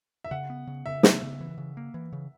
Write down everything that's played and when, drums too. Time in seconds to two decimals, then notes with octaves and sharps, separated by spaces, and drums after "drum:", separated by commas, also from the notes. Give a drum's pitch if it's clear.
0.24 E5
0.31 C#3 F#5
0.50 B3
0.67 C#3
0.86 C#3 E5
1.03 B3, drum: snare
1.23 C#3
1.41 E3
1.58 C#3
1.77 A#3
1.94 E3
2.13 C#3